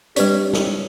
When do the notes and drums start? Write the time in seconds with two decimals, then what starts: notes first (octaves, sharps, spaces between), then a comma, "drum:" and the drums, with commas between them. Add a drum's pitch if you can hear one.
0.16 G3 C4 D4 G4 B4 C#5 D5, drum: hi-hat
0.53 drum: snare